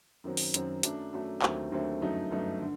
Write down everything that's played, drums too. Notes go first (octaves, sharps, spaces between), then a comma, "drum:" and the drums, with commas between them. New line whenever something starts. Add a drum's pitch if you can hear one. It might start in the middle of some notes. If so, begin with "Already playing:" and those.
F#2 D#3 F#3 C4
drum: open hi-hat
F#2 D#3 F#3 C4, drum: hi-hat
F#2 F#3 A3 D4, drum: hi-hat
F#2 F#3 A3 D4
D#2 D3 F#3 A3 C4, drum: clap
D#2 D3 F#3 A3 C4
G1 F#2 F#3 A3 D#4
G1 F#2 F#3 A3 D#4
D3